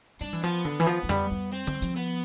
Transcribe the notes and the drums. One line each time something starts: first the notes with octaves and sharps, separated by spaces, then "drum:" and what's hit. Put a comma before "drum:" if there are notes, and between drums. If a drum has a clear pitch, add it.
G3 D4
E3
F3 B3
D3
E3
F3
F3
G3, drum: tom F2
G3
C4
G3, drum: tom D3
F3, drum: hi-hat
B3